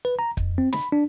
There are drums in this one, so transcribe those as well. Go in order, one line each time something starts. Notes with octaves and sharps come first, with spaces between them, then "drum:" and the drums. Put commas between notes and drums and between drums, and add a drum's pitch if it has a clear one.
B4
A#5
F2, drum: kick
C4
B5, drum: snare
D4